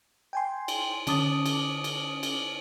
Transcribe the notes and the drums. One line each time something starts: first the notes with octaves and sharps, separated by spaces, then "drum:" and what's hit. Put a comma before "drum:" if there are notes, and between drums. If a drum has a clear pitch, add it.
G5 G#5 C6
drum: cymbal
D3 C#4 A5 D6 D#6, drum: cymbal
drum: cymbal
drum: cymbal
drum: cymbal